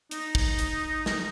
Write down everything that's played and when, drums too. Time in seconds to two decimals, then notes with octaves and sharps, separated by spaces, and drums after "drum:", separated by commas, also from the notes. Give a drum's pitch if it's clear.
0.11 D#4, drum: hi-hat
0.35 drum: kick
0.59 drum: hi-hat
1.06 drum: snare